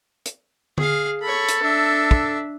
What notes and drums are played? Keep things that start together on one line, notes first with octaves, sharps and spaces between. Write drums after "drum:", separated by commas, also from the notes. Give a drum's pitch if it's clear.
drum: hi-hat
G#4 F5, drum: tom D3
A4 C#5 B5
drum: hi-hat
D4 E5
drum: kick